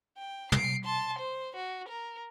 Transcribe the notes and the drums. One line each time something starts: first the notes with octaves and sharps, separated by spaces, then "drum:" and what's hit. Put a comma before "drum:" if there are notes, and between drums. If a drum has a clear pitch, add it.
G5
C7 D7, drum: tom
A5 C6
C5
F#4
A#4